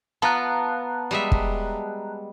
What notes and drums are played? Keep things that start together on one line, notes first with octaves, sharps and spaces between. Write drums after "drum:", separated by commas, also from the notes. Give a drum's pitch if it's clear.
B3 F4 A5 A#5 F#6
G3 G#3 E5
drum: kick